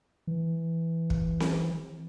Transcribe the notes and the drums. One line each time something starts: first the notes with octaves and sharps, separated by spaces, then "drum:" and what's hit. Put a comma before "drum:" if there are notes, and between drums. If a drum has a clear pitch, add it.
E3
drum: kick
drum: snare C4